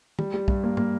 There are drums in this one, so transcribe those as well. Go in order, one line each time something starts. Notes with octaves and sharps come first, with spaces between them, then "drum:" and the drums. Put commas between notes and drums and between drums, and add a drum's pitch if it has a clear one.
G3, drum: tom
G3
G2, drum: kick
A#3
A#3, drum: tom